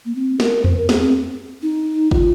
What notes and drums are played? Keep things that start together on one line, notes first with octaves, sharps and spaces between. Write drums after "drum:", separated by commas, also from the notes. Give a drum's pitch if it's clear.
A#3
C4
A#4, drum: snare
C5, drum: tom E2
A#4
G#4, drum: snare
C4
D#4
F4, drum: kick G1